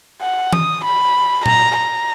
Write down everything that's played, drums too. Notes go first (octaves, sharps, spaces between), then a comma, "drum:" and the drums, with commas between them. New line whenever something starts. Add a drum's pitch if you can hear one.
F#5
D#6, drum: tom E3
B5
A#5, drum: tom A#2
A#5